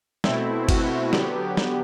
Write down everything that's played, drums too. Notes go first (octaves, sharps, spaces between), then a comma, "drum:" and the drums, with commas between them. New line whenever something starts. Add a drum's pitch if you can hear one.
B2 A3 C4 E4, drum: snare
F#4, drum: kick G1, cymbal
D3 F#3 B3 G4, drum: snare
drum: snare